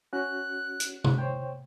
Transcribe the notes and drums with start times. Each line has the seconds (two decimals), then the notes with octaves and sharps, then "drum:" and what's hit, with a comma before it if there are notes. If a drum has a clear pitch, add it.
0.13 C#4 F#4 F#6
0.80 drum: hi-hat
1.04 drum: tom C3
1.18 C5 C#5 G5